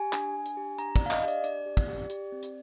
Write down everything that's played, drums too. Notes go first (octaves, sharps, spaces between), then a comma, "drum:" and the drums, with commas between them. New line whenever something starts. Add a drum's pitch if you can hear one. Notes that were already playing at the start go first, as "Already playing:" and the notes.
Already playing: G4 G#5
D4, drum: clap
D4
drum: hi-hat
G4
D4 A#5, drum: hi-hat
D4 D5, drum: kick, hi-hat
F5
D#5, drum: clap
G4
D5, drum: hi-hat
D4 D5, drum: hi-hat
G4
drum: kick, hi-hat
G4
G4, drum: hi-hat
C4
drum: hi-hat